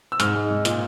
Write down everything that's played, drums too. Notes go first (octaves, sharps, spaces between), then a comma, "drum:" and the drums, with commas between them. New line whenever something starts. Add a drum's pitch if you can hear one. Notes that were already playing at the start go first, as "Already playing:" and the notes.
E6
G#2 F6, drum: hi-hat
G#3
G#2
A#2, drum: hi-hat